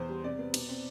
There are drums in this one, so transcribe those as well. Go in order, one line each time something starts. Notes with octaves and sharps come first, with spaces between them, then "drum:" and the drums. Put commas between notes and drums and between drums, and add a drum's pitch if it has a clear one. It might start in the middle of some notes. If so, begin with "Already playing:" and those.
Already playing: E2 C5
G3
C3 D5
B3
B2, drum: cymbal
C4